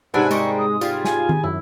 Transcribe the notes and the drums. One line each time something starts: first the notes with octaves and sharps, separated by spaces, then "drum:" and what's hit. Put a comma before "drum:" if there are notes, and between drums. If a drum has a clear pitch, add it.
G#2 C3 D4 E4 B4 E5 F#5 G#5
G3 G#3 A#3 D#4 C#6, drum: tambourine
D#6
G3 F4 G#4, drum: tambourine
G#5, drum: snare
drum: tom D#3
F#2 E4